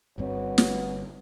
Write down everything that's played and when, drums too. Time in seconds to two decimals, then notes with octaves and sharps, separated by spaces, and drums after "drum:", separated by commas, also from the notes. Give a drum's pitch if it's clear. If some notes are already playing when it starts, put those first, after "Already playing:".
0.18 G1 G2 C4 F#4 B4 C#5
0.58 drum: snare